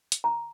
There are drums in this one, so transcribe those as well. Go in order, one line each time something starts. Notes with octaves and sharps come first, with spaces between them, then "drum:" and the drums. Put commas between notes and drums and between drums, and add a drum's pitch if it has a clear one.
drum: hi-hat
A#5